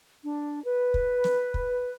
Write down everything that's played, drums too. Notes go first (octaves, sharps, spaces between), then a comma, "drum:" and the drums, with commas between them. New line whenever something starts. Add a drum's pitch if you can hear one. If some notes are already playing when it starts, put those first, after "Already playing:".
D4
B4
drum: kick
drum: snare
drum: kick